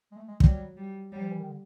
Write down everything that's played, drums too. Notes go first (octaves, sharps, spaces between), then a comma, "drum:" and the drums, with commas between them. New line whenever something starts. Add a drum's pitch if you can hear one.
G#3
A3
G#3
F#3 G3, drum: kick
G3
F#3 G3
F3
E3
D#3
D3